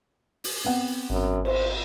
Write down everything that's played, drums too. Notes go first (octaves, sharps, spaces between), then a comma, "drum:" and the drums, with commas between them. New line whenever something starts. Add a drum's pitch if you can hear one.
drum: open hi-hat
B3 C4 F#5
G#1 F#2
C5, drum: cymbal